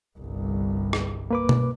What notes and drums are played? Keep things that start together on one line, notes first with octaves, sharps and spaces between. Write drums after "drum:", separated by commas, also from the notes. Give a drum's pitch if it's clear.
G1 C2
drum: rim click
A#3 B4 D6
drum: tom B2